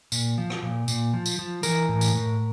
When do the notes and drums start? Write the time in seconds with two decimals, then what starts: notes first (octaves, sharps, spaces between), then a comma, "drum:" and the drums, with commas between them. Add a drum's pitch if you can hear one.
0.12 A#2, drum: tambourine
0.38 F3
0.50 drum: rim click
0.62 A#2
0.88 A#2, drum: tambourine
1.14 F3
1.26 drum: tambourine
1.39 F3
1.63 E3 A#4, drum: tambourine
1.89 A2
2.01 drum: tambourine
2.14 A2